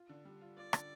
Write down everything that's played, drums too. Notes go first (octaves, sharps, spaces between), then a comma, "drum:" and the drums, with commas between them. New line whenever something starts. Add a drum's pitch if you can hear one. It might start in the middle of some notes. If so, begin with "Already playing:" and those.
Already playing: F4
D3
G3
F4
F4 D5
D3, drum: rim click